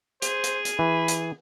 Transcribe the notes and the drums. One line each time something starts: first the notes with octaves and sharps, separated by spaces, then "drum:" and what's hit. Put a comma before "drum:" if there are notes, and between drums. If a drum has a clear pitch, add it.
G#4 C5, drum: hi-hat
drum: hi-hat
drum: hi-hat
E3 B5
drum: hi-hat